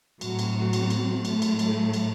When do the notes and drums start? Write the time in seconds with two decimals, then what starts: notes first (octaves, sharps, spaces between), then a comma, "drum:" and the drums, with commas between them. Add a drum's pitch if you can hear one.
0.21 A2 F#3 C4 F#4, drum: cymbal
0.39 drum: cymbal
0.73 drum: cymbal
0.90 drum: cymbal
1.25 A2 F#3 A3, drum: cymbal
1.42 drum: cymbal
1.59 drum: cymbal
1.94 drum: cymbal